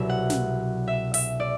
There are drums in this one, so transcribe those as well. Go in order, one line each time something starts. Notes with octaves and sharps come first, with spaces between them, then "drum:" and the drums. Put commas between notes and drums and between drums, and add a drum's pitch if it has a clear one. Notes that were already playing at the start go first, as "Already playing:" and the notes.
Already playing: C2 B2 F#3 E5
F#5
drum: snare
E5
E5, drum: open hi-hat
D5